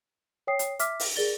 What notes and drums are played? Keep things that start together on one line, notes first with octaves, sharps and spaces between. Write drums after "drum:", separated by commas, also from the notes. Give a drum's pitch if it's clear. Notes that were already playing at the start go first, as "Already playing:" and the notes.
C#5 G5 D#6 C7
drum: hi-hat
E5 D6 F6 B6, drum: hi-hat
drum: open hi-hat
G#4 A#4 D5 A6 G7